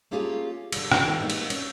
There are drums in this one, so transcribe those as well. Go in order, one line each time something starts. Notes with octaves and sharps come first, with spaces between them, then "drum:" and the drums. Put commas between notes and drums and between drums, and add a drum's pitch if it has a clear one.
A3 A#3 C#4 F4 G4 G#4
D3 G3, drum: cymbal
drum: rim click
D#3 A3 B3 D#4
G3 G#3 A#3 C4 D#4
drum: cymbal
C#4, drum: cymbal